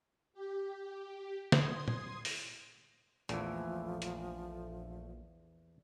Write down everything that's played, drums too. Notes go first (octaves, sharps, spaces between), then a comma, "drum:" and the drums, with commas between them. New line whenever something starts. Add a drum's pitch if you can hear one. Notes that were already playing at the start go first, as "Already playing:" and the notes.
G4
C6 D#6 G#6, drum: snare
drum: tom
drum: open hi-hat
A#1 E2 E3 F3 A3, drum: hi-hat
drum: hi-hat